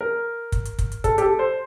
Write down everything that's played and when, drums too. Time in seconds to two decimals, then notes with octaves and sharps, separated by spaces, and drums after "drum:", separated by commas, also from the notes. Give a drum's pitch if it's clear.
0.01 A#4
0.52 drum: kick, hi-hat
0.65 drum: hi-hat
0.79 drum: kick, hi-hat
0.92 drum: hi-hat
1.04 A4, drum: kick, hi-hat
1.18 G4, drum: hi-hat
1.22 A4
1.39 C5